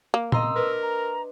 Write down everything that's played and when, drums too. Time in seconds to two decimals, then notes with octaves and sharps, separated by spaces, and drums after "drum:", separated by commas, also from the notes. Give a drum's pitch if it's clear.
0.14 A#3
0.32 D#5 A#5 C6 E6, drum: tom A#2
0.56 D4 A#4 B4
0.82 A#5